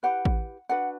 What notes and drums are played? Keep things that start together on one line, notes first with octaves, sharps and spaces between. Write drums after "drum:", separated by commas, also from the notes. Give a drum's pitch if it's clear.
E4 G4 B4 F#5
drum: kick A1
D4 F#4 B4 F#5